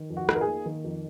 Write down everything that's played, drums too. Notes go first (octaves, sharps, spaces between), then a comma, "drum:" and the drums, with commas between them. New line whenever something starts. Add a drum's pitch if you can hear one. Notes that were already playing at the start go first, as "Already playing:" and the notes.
Already playing: D#3
F2
F#4
D#4, drum: rim click
A#4
G#4
A#3
D#3
F2